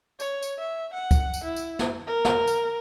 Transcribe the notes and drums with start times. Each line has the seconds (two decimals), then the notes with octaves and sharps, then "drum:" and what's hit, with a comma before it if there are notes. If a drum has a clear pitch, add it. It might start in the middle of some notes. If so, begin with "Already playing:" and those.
0.20 C#5, drum: tambourine
0.43 drum: tambourine
0.58 E5
0.94 F#5
1.11 drum: kick C#2, tambourine
1.34 drum: tambourine
1.44 E4
1.56 drum: tambourine
1.79 drum: snare
2.07 A#4
2.25 drum: snare
2.47 drum: tambourine